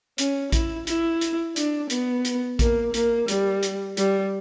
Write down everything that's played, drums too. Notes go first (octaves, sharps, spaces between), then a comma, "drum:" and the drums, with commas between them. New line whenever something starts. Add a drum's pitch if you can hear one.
C#4, drum: hi-hat
E4, drum: kick A#1, hi-hat
E4, drum: hi-hat
drum: hi-hat
D4, drum: hi-hat
B3, drum: hi-hat
drum: hi-hat
A#3, drum: kick A#1, hi-hat
A#3, drum: hi-hat
G3, drum: hi-hat
drum: hi-hat
G3, drum: hi-hat